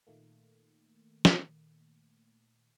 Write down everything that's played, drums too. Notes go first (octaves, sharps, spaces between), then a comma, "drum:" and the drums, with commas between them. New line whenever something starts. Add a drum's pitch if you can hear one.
A#2 D#3 A3 A#3
drum: snare